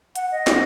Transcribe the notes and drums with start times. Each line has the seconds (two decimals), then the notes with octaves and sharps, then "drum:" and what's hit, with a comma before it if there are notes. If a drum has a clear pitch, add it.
0.16 F#5, drum: hi-hat
0.32 D#5
0.47 drum: snare